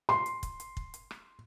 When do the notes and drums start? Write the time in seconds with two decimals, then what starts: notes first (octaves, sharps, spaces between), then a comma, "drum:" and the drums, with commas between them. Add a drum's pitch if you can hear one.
0.09 C6, drum: rim click
0.26 drum: hi-hat
0.43 drum: kick, hi-hat
0.60 drum: hi-hat
0.77 drum: kick
0.94 drum: hi-hat
1.11 drum: rim click